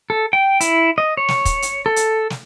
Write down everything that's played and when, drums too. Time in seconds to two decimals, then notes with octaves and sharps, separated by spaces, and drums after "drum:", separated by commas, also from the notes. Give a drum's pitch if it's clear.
0.10 A4
0.33 G5
0.61 E4, drum: hi-hat
0.98 D#5
1.17 C#5
1.28 drum: snare
1.45 drum: kick, hi-hat
1.62 drum: hi-hat
1.86 A4
1.96 drum: hi-hat
2.30 drum: snare